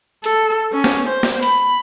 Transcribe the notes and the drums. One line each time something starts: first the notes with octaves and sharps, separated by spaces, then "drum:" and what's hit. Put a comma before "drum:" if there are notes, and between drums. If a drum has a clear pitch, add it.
A4, drum: hi-hat
C#4
drum: snare
C5
drum: snare
B5, drum: hi-hat